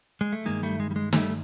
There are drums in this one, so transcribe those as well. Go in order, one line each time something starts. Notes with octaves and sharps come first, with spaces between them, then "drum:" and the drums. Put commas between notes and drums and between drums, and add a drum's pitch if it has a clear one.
G#3
A3
G2 D#3 G#3 A#3
G3 A3
G#3
G3
G#3
G3 A3, drum: snare